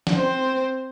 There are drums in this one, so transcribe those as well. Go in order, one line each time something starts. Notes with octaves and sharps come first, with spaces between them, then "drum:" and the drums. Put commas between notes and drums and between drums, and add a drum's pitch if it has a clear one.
drum: snare
C4 C5